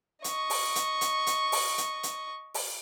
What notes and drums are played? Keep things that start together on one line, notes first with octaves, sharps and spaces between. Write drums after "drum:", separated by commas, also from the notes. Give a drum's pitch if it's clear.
D#5 C#6, drum: hi-hat
drum: open hi-hat
drum: hi-hat
drum: hi-hat
drum: hi-hat
drum: open hi-hat
drum: hi-hat
drum: hi-hat
drum: open hi-hat